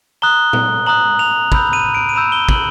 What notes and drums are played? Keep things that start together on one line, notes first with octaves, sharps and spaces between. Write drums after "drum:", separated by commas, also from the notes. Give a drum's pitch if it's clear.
A#5 D#6 F#6 G7
drum: tom
A#5 D#6 F#6 F#7
F7
B5 E6 G6, drum: kick
D#7
D7
D#7
B5 E6 G6 E7
G7
F#7, drum: kick